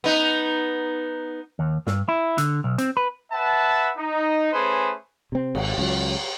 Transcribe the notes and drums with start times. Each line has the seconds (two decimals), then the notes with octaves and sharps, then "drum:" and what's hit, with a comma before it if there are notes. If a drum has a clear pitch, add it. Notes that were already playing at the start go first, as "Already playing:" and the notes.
0.04 B3 D#4
1.59 D#2
1.87 G2, drum: snare
2.09 E4
2.38 D3, drum: hi-hat
2.64 B1
2.78 C4, drum: hi-hat
2.97 B4
3.32 B4 E5 F#5 A5
3.98 D#4
4.53 A3 C#4 G#4 B4 C5
5.32 C3 C4
5.55 G#1, drum: cymbal
5.78 C#2 F#3